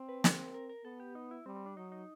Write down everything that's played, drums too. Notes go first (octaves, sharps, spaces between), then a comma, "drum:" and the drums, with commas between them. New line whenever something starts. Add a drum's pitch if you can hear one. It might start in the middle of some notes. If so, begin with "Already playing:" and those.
Already playing: C4
B4
A#4, drum: snare
A#4
A#4
B3 A4
G4
D#4
E4
G3 C4
C4
D4
F#3 D#4
D#4